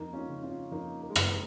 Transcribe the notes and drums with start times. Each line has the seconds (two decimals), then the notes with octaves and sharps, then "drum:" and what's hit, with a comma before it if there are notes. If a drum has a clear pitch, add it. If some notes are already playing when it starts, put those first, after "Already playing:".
Already playing: F2 A#3 D#4
0.13 C#4 F4
0.28 C#3
0.43 C#4 F4
0.71 F2 A#3 D#4
1.02 A#3
1.10 G#3
1.16 C#3 A#3, drum: rim click
1.30 A#3